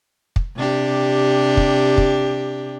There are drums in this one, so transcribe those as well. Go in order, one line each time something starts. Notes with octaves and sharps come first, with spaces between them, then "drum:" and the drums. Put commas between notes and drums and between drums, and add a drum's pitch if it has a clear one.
drum: kick
C3 D4 G4
drum: kick
drum: kick